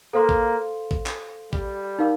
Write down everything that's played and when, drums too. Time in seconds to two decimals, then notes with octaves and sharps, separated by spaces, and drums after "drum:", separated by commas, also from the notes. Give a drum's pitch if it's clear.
0.14 A#3 A4 C5 F5 C6
0.29 drum: kick A#1
0.91 drum: kick A#1
1.06 drum: clap
1.53 G3, drum: kick A#1
1.99 D#4 A#4 F5